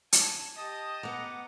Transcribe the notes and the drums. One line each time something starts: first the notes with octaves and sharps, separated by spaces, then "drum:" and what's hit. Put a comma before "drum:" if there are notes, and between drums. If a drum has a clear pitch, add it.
G#5 A5, drum: hi-hat
G4 D#5 A5 D#6
B3 F#5 A#5 D6